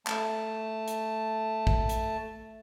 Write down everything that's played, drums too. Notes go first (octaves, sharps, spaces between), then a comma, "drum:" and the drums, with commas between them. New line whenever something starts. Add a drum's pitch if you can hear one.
A3 A5, drum: clap
drum: hi-hat
drum: kick
drum: hi-hat